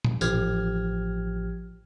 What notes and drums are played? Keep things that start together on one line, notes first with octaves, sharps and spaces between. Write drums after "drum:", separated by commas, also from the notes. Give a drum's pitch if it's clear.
drum: tom A#2
A1 F3 G4 F6 G#6, drum: tambourine